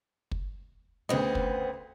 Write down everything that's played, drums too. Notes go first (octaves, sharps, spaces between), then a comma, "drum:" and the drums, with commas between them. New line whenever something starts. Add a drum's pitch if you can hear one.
drum: kick
D2 C#3 B3 C4 D#5
drum: kick